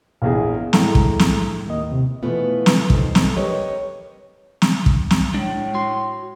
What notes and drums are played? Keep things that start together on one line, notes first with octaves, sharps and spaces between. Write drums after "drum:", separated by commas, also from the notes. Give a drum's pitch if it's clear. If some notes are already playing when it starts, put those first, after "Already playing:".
A#1 E2 G#4 F5
A2 G#3 A4 A#5, drum: snare
drum: kick
drum: snare
D#2 A#3 D#5
C3
B2 E3 F3 A3 B3 F4
drum: snare
C3 F3 D#4 A4 C5, drum: kick
drum: snare
G4 A#4 B4 C#5 D#5
drum: snare
drum: kick
drum: snare
A2 G#3 D4
F#4 C6